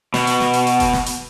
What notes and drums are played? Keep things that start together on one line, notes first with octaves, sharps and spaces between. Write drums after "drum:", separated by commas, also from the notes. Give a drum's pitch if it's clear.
B2, drum: snare
drum: hi-hat
drum: snare
drum: hi-hat
drum: hi-hat
drum: kick F1, hi-hat
drum: snare
drum: hi-hat